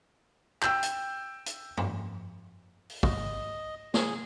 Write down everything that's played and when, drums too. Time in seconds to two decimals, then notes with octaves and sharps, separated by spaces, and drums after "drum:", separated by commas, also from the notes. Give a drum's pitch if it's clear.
0.62 G5 E6 G6, drum: clap
0.83 drum: hi-hat
1.46 drum: hi-hat
1.77 drum: tom F#2
2.90 drum: open hi-hat
3.03 D#5, drum: kick
3.94 G#4, drum: snare